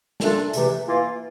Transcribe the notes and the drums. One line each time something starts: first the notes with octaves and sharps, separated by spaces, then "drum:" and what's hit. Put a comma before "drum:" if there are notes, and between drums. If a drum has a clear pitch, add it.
A#2 A3 D4 F4 A4, drum: snare
E2 C3 E3 A3, drum: hi-hat
E3 A#3 F4